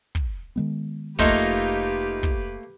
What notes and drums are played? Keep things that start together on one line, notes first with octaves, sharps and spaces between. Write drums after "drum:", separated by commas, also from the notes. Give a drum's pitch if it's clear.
drum: kick
D#3 G#3 B3
F1 A3 A#3 D#4 F4 G4 B4, drum: kick
drum: kick